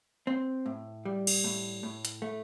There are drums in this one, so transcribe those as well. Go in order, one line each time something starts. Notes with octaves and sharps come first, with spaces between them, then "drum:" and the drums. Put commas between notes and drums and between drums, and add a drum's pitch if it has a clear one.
C4
A2
G3
drum: cymbal
A2
A2
drum: hi-hat
A3